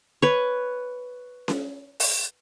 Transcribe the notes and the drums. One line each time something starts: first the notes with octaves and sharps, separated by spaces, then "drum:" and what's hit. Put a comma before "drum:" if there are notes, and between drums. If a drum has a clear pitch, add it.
B4 C#5
drum: snare C#4
drum: open hi-hat